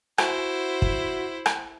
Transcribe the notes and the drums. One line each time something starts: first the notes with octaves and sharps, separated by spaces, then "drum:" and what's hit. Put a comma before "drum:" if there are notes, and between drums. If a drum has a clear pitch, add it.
E4 F#4 C5, drum: rim click
drum: kick
drum: rim click